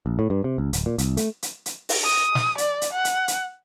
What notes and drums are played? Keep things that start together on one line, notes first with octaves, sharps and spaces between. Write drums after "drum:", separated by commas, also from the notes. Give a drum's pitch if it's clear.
A#1
A2
G2
C3
C#2
D1, drum: hi-hat
A#2
C2, drum: hi-hat
A3, drum: hi-hat
drum: hi-hat
drum: hi-hat
drum: open hi-hat
D#6
drum: snare
D5, drum: hi-hat
drum: hi-hat
F#5
drum: hi-hat
drum: hi-hat